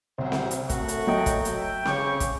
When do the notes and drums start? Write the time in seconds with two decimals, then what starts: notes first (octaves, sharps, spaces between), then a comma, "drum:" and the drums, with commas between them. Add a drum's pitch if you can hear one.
0.18 C2 F#2 F#3 C5
0.32 drum: snare C4
0.51 drum: hi-hat
0.69 F#2 A3 F#4, drum: kick, hi-hat
0.88 drum: hi-hat
1.07 F#3 D#5 G5
1.26 drum: kick, hi-hat
1.45 drum: hi-hat
1.56 E5
1.86 C#3 C#6 D6 G6, drum: snare C4
2.20 drum: kick, hi-hat